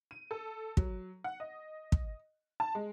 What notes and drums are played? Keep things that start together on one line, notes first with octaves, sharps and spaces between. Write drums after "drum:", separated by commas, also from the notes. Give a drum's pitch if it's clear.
D#7
A4
F#3, drum: kick
F#5
D#5
drum: kick
A5
G#3